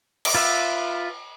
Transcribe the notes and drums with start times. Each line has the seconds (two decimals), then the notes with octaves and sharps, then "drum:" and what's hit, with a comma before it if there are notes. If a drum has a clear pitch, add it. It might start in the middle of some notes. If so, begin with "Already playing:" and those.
0.25 drum: cymbal
0.35 F4 B4 E5